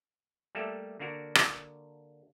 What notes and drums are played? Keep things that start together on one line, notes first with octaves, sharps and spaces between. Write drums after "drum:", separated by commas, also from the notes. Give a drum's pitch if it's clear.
G3 A3 A#3 G4 A4 E5
D3 A#3 D4 F#4 A#4
drum: rim click